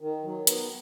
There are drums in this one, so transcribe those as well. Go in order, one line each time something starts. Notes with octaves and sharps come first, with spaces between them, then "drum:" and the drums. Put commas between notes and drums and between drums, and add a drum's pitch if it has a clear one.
D#3
F#3
B3, drum: hi-hat